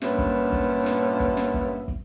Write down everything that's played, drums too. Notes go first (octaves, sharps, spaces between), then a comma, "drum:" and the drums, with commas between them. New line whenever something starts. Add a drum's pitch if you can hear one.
G2 A#2 B3 C#4 D4 E5, drum: snare
drum: kick
drum: kick
drum: snare
drum: kick
drum: snare
drum: kick
drum: kick